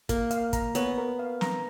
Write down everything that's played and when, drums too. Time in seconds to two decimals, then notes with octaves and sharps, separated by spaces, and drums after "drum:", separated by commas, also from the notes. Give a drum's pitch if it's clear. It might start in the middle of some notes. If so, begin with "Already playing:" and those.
0.09 A#3 A#4, drum: kick, hi-hat
0.31 F5, drum: hi-hat
0.53 A#5, drum: kick, hi-hat
0.75 B3 C#5, drum: hi-hat
0.98 A#4
1.19 F5
1.41 A#5, drum: snare